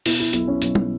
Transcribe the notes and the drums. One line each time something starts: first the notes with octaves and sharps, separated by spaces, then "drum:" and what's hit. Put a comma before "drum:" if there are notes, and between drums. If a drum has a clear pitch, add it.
B2 E4, drum: open hi-hat
E4
B1 E4, drum: hi-hat
C#4
B1, drum: hi-hat
drum: tom